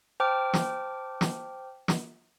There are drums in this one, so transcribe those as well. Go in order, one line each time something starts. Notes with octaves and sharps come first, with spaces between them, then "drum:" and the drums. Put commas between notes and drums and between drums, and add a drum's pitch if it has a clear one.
C5 G5 A5 D6 F6
drum: snare
drum: snare
drum: snare